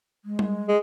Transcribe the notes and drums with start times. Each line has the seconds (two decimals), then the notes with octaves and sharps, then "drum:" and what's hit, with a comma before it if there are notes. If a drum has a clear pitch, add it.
0.25 G#3
0.39 drum: tom G3
0.69 G#3